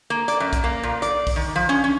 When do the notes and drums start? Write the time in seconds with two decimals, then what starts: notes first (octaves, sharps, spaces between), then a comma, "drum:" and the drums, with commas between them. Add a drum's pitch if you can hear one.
0.10 A#3
0.28 D5, drum: hi-hat
0.40 F#2
0.53 drum: kick A#1, hi-hat
0.64 A#3
0.83 A#2
1.02 D5, drum: hi-hat
1.27 drum: kick A#1, open hi-hat
1.36 D#3
1.55 F3
1.69 C#4
1.84 C#4